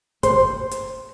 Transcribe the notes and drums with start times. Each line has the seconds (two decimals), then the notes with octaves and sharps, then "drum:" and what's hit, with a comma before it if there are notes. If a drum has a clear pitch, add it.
0.23 C5, drum: kick, hi-hat
0.71 drum: hi-hat